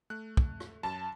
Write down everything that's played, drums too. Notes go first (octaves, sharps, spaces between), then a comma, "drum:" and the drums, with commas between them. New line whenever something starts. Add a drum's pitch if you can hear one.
A3 F#6
drum: kick
drum: rim click
F#2 A5